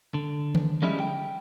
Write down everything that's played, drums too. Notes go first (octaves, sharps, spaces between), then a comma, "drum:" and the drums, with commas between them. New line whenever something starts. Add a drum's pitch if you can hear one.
D3
drum: tom D#3
D3 F3 G3 G#3 C#4 E4
G5